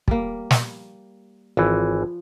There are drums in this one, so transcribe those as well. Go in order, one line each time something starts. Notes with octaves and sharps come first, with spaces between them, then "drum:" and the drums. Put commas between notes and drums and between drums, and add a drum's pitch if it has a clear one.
G3 A#3, drum: kick
drum: snare
G#1 E3 F3